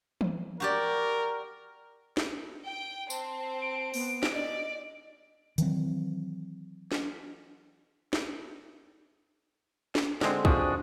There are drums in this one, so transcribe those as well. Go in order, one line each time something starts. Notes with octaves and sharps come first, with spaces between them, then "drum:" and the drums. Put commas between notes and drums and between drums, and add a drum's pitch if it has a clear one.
drum: tom E3
F#4 G4 A#4 D5
drum: snare
G5
C4 A5, drum: tambourine
D7
B3, drum: open hi-hat
drum: snare
D5 D#5
D#3 E3 F#3 C4, drum: hi-hat
drum: snare
drum: snare
drum: snare
D3 G#3 C4, drum: snare
F2 F3 D4 F#4 G#4, drum: kick